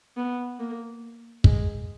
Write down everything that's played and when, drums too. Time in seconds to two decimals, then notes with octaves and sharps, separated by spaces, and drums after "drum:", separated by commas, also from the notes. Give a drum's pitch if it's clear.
0.17 B3
0.59 A#3
1.44 G#3, drum: kick